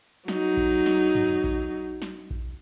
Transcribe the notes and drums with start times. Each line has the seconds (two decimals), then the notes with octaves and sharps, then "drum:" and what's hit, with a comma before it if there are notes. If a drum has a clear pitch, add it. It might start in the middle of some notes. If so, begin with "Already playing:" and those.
0.28 F#3 D#4, drum: snare
0.57 drum: kick A#1
0.86 drum: snare
1.15 drum: tom
1.44 drum: kick A#1, hi-hat
2.02 drum: snare
2.31 drum: kick A#1